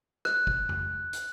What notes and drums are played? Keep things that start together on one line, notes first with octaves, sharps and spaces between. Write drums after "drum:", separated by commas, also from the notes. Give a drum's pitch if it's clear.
F#6, drum: rim click
drum: kick
drum: tom F2
drum: hi-hat